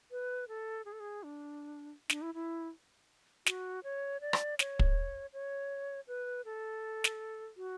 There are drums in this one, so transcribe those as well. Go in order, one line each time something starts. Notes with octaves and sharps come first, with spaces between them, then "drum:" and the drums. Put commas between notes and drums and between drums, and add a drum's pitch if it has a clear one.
B4
A4
G#4
A4
G#4
D4
D4, drum: snare
E4
E4
F#4, drum: snare
C#5
D5
drum: rim click
C#5, drum: snare
drum: kick
C#5
B4
A4
drum: snare
F#4